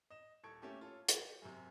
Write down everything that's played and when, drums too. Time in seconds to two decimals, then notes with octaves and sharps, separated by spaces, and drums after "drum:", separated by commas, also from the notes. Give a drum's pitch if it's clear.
0.10 D#5 E7
0.44 D#1 A4 C#6 G#6 D7
0.62 A3 A#3 C#4 G4 A4
0.81 F4 A4 C#5
1.09 G4, drum: hi-hat
1.42 F#2 C3